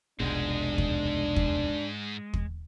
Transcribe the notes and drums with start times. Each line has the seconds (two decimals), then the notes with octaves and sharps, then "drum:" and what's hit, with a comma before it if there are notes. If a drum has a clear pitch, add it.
0.20 F1 C2 G#2 B2 G#3 D4
0.78 drum: kick
1.36 drum: kick
2.34 drum: kick